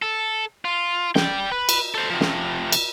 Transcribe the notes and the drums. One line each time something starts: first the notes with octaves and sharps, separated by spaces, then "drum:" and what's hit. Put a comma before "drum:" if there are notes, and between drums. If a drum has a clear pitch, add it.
A4
F4
D5 G5, drum: snare
B4
drum: cymbal
A4 C5
C3 F3
drum: snare
drum: cymbal